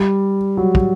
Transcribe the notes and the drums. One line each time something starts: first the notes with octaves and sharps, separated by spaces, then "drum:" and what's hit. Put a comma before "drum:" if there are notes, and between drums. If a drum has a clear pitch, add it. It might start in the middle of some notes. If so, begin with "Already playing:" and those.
Already playing: G3
F#3
drum: kick